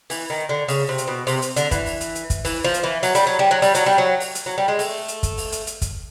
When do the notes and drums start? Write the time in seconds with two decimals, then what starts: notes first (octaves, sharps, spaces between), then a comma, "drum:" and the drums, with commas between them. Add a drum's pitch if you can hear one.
0.10 E3, drum: open hi-hat
0.30 D#3
0.49 D3
0.68 C#3, drum: open hi-hat
0.89 C3
0.98 drum: hi-hat
1.08 B2
1.27 C3, drum: open hi-hat
1.42 drum: hi-hat
1.57 D3, drum: hi-hat
1.71 E3, drum: kick, hi-hat
1.86 drum: open hi-hat
2.01 drum: hi-hat
2.15 drum: hi-hat
2.30 drum: kick, hi-hat
2.45 E3, drum: open hi-hat
2.64 F3
2.74 drum: hi-hat
2.83 E3
3.03 F#3, drum: open hi-hat
3.15 G3, drum: hi-hat
3.27 F#3
3.39 G3
3.51 F#3
3.62 G3, drum: open hi-hat
3.75 F#3, drum: hi-hat
3.86 G3
3.98 F#3
4.20 drum: open hi-hat
4.35 drum: hi-hat
4.46 F#3
4.58 G3
4.68 G#3
4.79 A3, drum: open hi-hat
5.08 drum: hi-hat
5.23 drum: kick, hi-hat
5.38 drum: open hi-hat
5.52 drum: hi-hat
5.67 drum: hi-hat
5.82 drum: kick, hi-hat